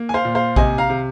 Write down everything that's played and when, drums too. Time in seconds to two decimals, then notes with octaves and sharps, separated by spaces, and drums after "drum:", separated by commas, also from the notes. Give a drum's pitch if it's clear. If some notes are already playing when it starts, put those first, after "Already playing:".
Already playing: A#3
0.09 G#5
0.14 C5 F5
0.25 A#2
0.35 C5 F5
0.56 C3 D#5 G#5, drum: kick A#1
0.78 F5 A#5
0.90 C3